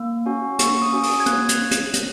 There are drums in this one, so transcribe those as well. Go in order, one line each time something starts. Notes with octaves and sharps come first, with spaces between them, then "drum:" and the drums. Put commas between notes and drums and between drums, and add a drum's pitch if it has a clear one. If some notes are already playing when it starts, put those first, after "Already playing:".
Already playing: A#3
C#4 F#4
A#3 C#6, drum: hi-hat
D#6
C#4 F#4
D#6, drum: open hi-hat
G#6
A#3 F#6, drum: hi-hat
drum: hi-hat
drum: hi-hat
drum: hi-hat